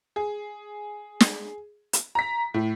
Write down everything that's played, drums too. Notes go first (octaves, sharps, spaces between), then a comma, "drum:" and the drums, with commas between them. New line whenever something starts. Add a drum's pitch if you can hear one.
G#4
drum: snare
drum: hi-hat
A#5 B6
A2